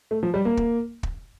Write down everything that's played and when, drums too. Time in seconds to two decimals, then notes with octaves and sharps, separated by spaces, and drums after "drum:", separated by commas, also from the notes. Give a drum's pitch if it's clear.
0.11 A3
0.23 F3
0.34 G3
0.45 A#3
0.57 drum: kick
1.03 drum: kick